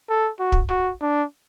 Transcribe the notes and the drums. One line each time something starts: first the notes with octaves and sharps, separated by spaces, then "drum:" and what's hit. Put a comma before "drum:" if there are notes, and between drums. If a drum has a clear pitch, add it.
A4
F#4
drum: kick
F#4
D4